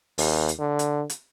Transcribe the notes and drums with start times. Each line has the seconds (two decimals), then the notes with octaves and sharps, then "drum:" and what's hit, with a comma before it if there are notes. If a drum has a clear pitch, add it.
0.18 D#2, drum: open hi-hat
0.48 drum: hi-hat
0.59 D3
0.79 drum: hi-hat
1.10 drum: hi-hat